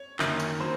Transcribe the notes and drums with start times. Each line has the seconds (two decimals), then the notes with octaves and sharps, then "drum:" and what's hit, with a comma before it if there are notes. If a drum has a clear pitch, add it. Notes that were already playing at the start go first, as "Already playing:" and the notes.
Already playing: C#5
0.19 F#2 D#3 F#3 A#3, drum: clap
0.40 drum: tambourine
0.60 F#3 A#3 C5